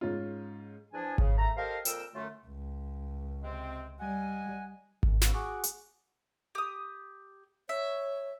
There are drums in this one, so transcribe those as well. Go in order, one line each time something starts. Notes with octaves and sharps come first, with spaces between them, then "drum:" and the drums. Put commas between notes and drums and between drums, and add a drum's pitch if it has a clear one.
G#2 C#4 F4
E2 F3 D4 G#5
C#3, drum: kick G#1
A3 A#5
G4 A4 A#4 C5 D#5 F5
F2 A#2 A#4 G5 E6, drum: hi-hat
F#2 D3 A3 F4
C#2
C3 G#3 C4
G3 D#5 F#5 G#5
F#2, drum: kick G#1
C#3 B3 F#4 E6, drum: snare
F#4 G#4 F#5 C#6 D6
drum: hi-hat
G4 D#6
C#5 E5